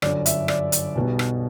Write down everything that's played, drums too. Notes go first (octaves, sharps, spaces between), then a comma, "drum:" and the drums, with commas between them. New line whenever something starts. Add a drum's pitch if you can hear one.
G1 F#2 D3 D5, drum: rim click
E5, drum: hi-hat
D5, drum: rim click
drum: hi-hat
B1 B2 G3 B3
drum: rim click